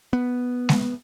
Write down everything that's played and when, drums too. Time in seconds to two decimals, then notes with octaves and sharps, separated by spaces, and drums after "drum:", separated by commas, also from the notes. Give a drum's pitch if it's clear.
0.13 B3
0.69 drum: snare G#3